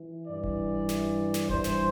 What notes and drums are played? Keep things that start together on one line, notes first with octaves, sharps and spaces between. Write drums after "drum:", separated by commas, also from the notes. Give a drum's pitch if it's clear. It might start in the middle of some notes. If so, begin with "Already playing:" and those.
Already playing: E3
G2 E3 D5
drum: kick D#1
drum: snare
drum: snare
G2 E3 C5, drum: kick D#1
drum: snare